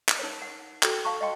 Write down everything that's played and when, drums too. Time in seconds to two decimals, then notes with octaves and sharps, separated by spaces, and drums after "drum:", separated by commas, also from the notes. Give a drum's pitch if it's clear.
0.09 drum: clap
0.19 D#4 A#4 C#5
0.42 F#5
0.83 F#4 A4 G5, drum: clap
1.05 F5 A5 C#6
1.21 D#5 F5 G5 C6